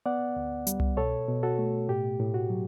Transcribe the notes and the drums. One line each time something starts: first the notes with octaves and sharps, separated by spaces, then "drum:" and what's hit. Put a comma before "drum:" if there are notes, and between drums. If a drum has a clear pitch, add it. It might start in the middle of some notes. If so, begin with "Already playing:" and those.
B3 D5 F#5
D2
G3, drum: hi-hat
drum: tom C2
B2 A4 C#5
B2
F#4 A4
A3
A2 G4
A2
F#4
F#3